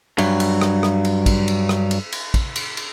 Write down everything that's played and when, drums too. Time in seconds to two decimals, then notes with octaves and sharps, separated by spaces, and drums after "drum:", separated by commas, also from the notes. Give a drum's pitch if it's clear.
0.18 G2 F#3, drum: cymbal
0.40 drum: cymbal
0.61 drum: rim click
0.83 drum: rim click
1.05 drum: cymbal
1.26 drum: kick, cymbal
1.48 drum: cymbal
1.69 drum: rim click
1.91 drum: cymbal
2.12 drum: cymbal
2.34 drum: kick, cymbal
2.56 drum: cymbal
2.77 drum: cymbal